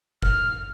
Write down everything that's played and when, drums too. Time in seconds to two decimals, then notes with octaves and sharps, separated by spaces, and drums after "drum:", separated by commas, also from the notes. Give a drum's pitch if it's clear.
0.22 F6, drum: kick